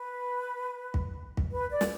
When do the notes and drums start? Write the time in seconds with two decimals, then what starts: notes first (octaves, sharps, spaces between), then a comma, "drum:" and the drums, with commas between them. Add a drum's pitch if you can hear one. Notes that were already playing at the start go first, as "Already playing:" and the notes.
Already playing: B4
0.94 drum: kick
1.37 drum: kick
1.52 B4
1.70 D5
1.81 drum: snare